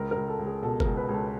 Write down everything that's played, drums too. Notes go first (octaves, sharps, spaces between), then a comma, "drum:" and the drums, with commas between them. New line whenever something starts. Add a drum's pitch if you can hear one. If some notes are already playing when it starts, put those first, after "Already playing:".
Already playing: C#2 A#4
C#2 A#4
A4
C#2
G#4
B2 A4
C#2 A#4, drum: kick F#1
B4
C#2 A4